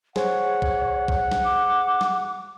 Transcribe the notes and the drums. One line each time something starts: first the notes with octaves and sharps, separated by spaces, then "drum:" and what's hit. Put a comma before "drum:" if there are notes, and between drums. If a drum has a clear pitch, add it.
G#4 C5 C#5 F#5, drum: snare
drum: kick B1
drum: kick B1
drum: snare
D6
drum: snare